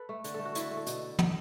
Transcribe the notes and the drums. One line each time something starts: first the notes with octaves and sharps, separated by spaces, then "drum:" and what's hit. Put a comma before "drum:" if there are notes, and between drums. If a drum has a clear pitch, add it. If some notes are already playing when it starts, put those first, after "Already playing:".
Already playing: A4 B4
A3
D3, drum: hi-hat
A4
A3
F#4
D3 E4, drum: hi-hat
A3
A4
B2, drum: hi-hat
drum: tom